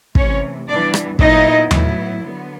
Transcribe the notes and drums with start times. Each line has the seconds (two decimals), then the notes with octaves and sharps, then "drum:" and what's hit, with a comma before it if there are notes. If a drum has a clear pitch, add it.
0.15 C3 E3 A3 C#4 C#5, drum: kick
0.67 E3 G3 B3 D4 D5
0.94 drum: rim click
1.19 A#2 F#3 B3 D#4 E4 D#5, drum: kick
1.71 A2 F#3 B3 E4, drum: tom D#2
2.23 D3 F#3 B3